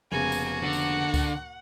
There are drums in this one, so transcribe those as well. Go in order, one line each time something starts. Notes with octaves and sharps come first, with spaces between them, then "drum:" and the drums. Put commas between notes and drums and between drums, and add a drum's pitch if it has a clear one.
F1 C#3 A#3 B3 F#4 G#5
drum: tambourine
D3 F#5
drum: tambourine
drum: kick C#2, tambourine